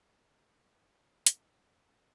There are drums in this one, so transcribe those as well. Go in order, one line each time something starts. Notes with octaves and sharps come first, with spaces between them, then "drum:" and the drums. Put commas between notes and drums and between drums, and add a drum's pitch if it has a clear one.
D#5
G#6
F#3
C6
D#3
G#5
C#4
D3
drum: hi-hat
B2
C6
G#3
D3